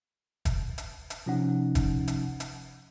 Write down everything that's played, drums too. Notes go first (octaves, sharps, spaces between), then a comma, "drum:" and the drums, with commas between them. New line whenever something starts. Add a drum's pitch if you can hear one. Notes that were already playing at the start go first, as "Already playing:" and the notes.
drum: kick, hi-hat
drum: hi-hat
drum: hi-hat
C3 F3 C#4 D#4 F#5
drum: kick, hi-hat
drum: hi-hat
drum: hi-hat